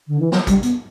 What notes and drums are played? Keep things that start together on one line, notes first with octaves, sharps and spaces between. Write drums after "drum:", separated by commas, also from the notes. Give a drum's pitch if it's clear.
D3
E3
F#3, drum: snare
G3, drum: kick, hi-hat
B3, drum: hi-hat